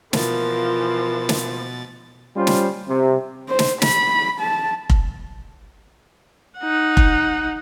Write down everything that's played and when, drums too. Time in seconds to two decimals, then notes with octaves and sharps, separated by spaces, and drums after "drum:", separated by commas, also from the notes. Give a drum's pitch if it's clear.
0.13 B2 E3 F3 F4 A#4 A6, drum: snare
1.29 drum: snare
2.36 G3 C#4 F4 C5 C6
2.47 drum: snare
2.88 C3
3.49 C5
3.59 drum: snare
3.82 B5, drum: snare
4.40 A5
4.90 drum: kick F1
6.59 D#4 F#5
6.97 drum: kick F1